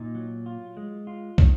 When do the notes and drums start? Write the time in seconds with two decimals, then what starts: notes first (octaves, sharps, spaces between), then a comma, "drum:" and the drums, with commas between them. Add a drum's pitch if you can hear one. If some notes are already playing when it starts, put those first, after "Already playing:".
Already playing: A#2 D#4
0.15 F#3
0.46 F4
0.77 G#3
1.07 F4
1.38 D#3, drum: kick